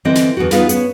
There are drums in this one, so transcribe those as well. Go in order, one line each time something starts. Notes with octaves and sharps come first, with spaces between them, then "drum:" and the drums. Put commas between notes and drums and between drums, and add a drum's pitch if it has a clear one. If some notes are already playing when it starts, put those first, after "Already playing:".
D3 E3 C4 D#5
drum: snare
E2 D3 B3 F#4
E2 B3 D#4 F4 G#4 B4, drum: snare
B3 C#4, drum: hi-hat